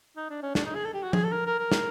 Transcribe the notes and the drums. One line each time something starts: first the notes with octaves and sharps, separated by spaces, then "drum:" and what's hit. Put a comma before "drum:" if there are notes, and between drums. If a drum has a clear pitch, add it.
D#4
D4
C#4
D4, drum: snare
D#4
G#4
A4
G4
F#4
G#4, drum: tom F3
A4
A#4
A#4
A#4
drum: snare